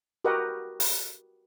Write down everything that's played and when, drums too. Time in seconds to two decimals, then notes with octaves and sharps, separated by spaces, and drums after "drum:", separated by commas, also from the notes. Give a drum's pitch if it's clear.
0.24 F#4 G4 A#4 B4 D#5 F#5
0.80 drum: open hi-hat